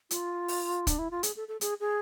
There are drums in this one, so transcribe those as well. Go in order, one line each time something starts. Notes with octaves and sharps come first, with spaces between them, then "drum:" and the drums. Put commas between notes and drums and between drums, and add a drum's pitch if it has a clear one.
F4, drum: hi-hat
drum: open hi-hat
D4, drum: kick, hi-hat
E4
F4
G#4, drum: hi-hat
A4
A4
G#4, drum: hi-hat
G#4